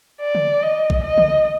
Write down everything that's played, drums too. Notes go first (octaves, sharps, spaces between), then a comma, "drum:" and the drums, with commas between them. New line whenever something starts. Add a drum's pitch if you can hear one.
D5
drum: tom
D#5
drum: kick A#1
D#5
drum: tom